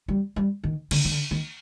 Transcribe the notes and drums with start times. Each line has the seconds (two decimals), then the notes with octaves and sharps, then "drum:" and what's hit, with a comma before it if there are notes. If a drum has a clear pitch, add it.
0.08 G3
0.36 G3
0.64 D#3
0.91 D3, drum: cymbal
1.05 D#3
1.11 D3
1.31 D#3